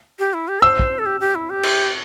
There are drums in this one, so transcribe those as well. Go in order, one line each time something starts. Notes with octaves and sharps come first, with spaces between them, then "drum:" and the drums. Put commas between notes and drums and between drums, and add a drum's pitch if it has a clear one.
G4
E4
G4
C5 E6
drum: kick
A4
G4
G4
E4
G4
drum: cymbal